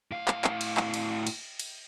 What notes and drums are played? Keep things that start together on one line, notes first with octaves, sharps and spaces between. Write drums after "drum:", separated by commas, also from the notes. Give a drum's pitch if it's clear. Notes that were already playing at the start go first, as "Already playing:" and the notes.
A2 F5
drum: clap
drum: clap
drum: cymbal
drum: clap
drum: cymbal
drum: cymbal
drum: cymbal